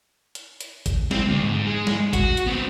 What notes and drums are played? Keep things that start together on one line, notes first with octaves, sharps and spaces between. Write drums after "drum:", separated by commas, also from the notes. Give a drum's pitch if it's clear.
drum: hi-hat
drum: hi-hat
drum: kick, hi-hat
C4, drum: snare
D2
G#2
G#3
drum: snare
F#4, drum: kick, hi-hat
drum: hi-hat
B3 C4